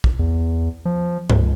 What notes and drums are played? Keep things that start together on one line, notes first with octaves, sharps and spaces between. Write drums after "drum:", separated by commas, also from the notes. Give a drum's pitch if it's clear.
drum: kick
E2
F3
C#2, drum: tom G2